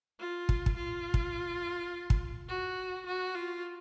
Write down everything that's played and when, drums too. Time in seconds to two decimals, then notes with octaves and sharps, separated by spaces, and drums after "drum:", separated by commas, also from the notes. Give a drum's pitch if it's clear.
0.20 F4
0.49 drum: kick
0.66 drum: kick
0.77 F4
1.14 drum: kick
2.10 drum: kick
2.49 F#4
3.06 F#4
3.35 F4